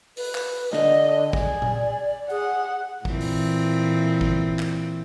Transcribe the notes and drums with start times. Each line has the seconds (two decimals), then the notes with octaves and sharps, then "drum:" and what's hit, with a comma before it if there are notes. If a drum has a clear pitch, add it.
0.17 B4, drum: open hi-hat
0.35 drum: clap
0.73 D3 D#5, drum: snare
1.33 G#4 D5, drum: kick
1.62 drum: tom A#2
2.30 G#4 F#5
3.05 A#2 E3 C4, drum: kick
3.21 drum: open hi-hat
4.21 drum: kick
4.59 drum: clap